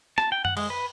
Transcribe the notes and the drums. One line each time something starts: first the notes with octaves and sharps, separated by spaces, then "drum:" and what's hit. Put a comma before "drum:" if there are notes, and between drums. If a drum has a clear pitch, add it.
A5, drum: rim click
G5
F#5, drum: tom F#2
G#3, drum: cymbal
B4